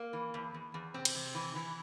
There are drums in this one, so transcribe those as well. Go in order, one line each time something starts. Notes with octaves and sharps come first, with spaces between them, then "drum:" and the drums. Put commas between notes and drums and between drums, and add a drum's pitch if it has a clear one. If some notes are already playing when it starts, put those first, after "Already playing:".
Already playing: A#3
E3
E2
E2
E2
C3 C4
drum: cymbal
C3
E3
E3